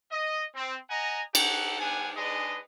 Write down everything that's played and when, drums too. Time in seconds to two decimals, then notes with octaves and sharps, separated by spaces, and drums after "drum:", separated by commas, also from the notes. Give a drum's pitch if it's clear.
0.11 D#5
0.55 C4
0.90 D#5 F#5 G#5 A#5
1.35 D#4 G4 A4 F#5, drum: cymbal
1.80 G3 B3 D4 F#5 G#5
2.16 G#3 D4 G#4 B4 D#5